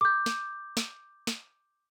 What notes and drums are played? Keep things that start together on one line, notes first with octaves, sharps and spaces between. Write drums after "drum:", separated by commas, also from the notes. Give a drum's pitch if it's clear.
D6 G6
drum: snare
drum: snare
drum: snare